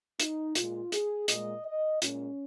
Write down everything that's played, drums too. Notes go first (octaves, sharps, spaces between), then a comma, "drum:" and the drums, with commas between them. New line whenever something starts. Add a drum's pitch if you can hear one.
D#4, drum: hi-hat
A#2 G#3 F4, drum: hi-hat
G#4, drum: hi-hat
A#2 G#3 D#5, drum: hi-hat
D#5
A#2 G#3 C#4, drum: hi-hat